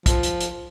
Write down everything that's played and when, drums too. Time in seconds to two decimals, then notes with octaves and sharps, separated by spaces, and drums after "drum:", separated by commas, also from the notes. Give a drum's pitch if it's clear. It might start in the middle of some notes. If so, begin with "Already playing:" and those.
0.06 F3, drum: kick, hi-hat
0.23 drum: hi-hat
0.41 drum: hi-hat